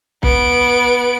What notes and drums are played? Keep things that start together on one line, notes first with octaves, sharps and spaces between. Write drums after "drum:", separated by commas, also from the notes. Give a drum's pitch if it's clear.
B3 D7, drum: kick